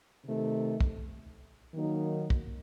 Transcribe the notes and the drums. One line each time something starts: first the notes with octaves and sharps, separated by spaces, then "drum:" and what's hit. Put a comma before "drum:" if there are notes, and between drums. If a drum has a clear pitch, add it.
C3 D#3 A3
drum: kick
D#3 F#3 A#3 D#4
drum: kick